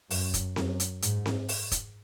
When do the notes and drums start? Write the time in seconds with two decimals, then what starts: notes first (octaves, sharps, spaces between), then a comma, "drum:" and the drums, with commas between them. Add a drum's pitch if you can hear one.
0.10 F#2, drum: open hi-hat
0.34 drum: kick, hi-hat
0.56 F#2, drum: snare C4
0.80 drum: hi-hat
1.02 G#2, drum: hi-hat
1.26 drum: snare C4
1.49 drum: open hi-hat
1.71 drum: kick, hi-hat